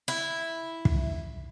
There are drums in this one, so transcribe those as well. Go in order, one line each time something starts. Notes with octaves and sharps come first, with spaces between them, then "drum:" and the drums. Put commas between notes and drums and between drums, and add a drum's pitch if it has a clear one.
E4
drum: kick